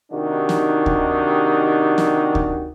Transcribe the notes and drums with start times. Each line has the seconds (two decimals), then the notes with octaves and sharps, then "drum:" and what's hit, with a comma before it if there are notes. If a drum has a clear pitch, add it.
0.12 C3 D#3 D4 D#4 F#4 G4
0.49 drum: snare
0.86 drum: kick D2
1.98 drum: snare
2.35 drum: kick D2